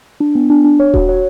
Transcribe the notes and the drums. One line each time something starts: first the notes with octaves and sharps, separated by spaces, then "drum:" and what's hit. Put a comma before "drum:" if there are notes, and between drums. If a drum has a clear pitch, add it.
D4
B3
D4
D4
C#5
F#4, drum: kick D#1
C#5